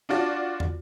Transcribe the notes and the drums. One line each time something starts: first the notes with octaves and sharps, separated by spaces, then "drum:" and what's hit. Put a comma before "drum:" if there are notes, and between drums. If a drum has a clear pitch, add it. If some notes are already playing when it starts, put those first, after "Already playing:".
D4 F4 F#4 D5
drum: tom